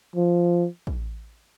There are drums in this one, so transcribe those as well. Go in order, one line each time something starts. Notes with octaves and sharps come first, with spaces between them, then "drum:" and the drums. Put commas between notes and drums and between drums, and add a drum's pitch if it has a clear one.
F3
drum: kick